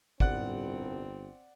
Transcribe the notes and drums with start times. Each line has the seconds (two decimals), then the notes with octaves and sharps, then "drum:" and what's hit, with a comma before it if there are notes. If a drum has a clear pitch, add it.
0.20 G1 C2 C4 D5 F#5 F#6, drum: kick G#1